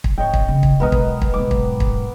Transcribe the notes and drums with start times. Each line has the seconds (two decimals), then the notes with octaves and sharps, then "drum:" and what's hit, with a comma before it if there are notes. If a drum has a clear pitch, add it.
0.04 drum: kick
0.18 G#1 C#5 D#5 G5
0.34 drum: kick
0.48 C#3
0.63 drum: kick
0.80 B1 G#3 B3 A#4 D#5
0.92 drum: kick
1.22 drum: kick
1.34 B1 G#2 D6
1.51 drum: kick
1.80 drum: kick